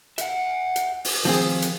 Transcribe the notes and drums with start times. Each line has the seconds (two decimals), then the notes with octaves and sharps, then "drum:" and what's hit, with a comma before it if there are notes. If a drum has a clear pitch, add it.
0.18 E5 F#5, drum: hi-hat
0.76 drum: hi-hat
1.05 drum: open hi-hat
1.25 D#3 F3 C4 G#4 A#4
1.62 drum: hi-hat